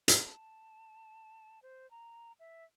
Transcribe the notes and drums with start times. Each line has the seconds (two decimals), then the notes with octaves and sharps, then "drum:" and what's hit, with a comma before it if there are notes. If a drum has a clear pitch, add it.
0.08 drum: hi-hat
0.24 A5
1.62 C5
1.91 A#5
2.40 E5